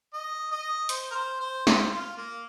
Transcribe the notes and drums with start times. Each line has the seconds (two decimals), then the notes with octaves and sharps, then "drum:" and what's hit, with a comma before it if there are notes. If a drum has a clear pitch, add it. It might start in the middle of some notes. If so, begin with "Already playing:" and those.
0.14 D#5
0.51 D#5
0.89 C5, drum: hi-hat
1.11 A#4
1.15 C5
1.40 C5
1.67 C5, drum: snare
1.91 F4
2.17 A#3